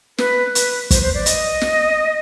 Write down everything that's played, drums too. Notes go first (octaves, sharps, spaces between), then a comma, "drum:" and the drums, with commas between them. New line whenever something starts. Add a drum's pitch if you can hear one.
B4, drum: snare
B4, drum: hi-hat
C5, drum: kick, hi-hat
C5
D5
D#5, drum: hi-hat
drum: snare